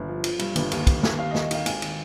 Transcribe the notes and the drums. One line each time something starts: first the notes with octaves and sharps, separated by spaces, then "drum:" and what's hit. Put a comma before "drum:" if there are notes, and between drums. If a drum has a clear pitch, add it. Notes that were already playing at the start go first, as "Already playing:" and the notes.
Already playing: G1
F3
F3, drum: cymbal
G2, drum: cymbal
G1, drum: cymbal
D#2, drum: cymbal
D#2, drum: kick, cymbal
D#2, drum: snare
D#2 F5
D#5
D#2, drum: snare
D#5
D#3 F5, drum: cymbal
G#1 G#5, drum: cymbal
D#3, drum: cymbal